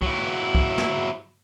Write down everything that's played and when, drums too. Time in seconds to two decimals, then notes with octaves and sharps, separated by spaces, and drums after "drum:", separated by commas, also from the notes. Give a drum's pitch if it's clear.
0.02 F#3 E4, drum: kick
0.55 drum: kick
0.78 drum: snare